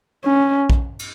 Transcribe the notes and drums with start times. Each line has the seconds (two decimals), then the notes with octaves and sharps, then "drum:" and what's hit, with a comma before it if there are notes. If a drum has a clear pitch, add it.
0.24 C#4
0.70 drum: kick
0.99 drum: cymbal